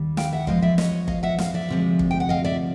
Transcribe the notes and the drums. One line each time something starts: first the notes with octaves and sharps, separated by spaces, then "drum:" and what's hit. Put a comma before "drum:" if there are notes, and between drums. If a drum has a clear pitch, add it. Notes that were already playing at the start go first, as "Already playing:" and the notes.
Already playing: D#2 D#3 G3
F5 G5, drum: snare
E5 F#5
E2 C#3 F3 G#3 D#5 F5, drum: kick G1
D5 E5
C#5 D#5, drum: snare
D#5 F5, drum: kick G1
E5 F#5
D#5 F5, drum: snare
D5 E5
D2 C3 F3 G#3
drum: kick G1
G5
F#5
D#5 F5
D5 E5